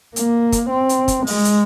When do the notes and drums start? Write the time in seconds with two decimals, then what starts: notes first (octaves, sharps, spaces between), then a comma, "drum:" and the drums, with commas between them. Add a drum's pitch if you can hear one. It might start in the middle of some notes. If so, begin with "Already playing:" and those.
0.16 A#3, drum: hi-hat
0.52 drum: kick, hi-hat
0.70 C4
0.89 drum: hi-hat
1.08 drum: kick, hi-hat
1.27 G#3, drum: open hi-hat
1.45 drum: hi-hat